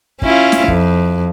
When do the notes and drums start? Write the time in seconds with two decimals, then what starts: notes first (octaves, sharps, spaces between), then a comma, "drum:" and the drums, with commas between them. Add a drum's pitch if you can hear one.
0.22 C#4 E4 F4, drum: kick
0.52 drum: snare
0.68 F2, drum: kick